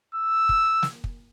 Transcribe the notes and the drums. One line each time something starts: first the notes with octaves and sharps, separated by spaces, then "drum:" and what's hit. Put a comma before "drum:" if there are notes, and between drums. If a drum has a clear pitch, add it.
E6
drum: kick
drum: snare
drum: kick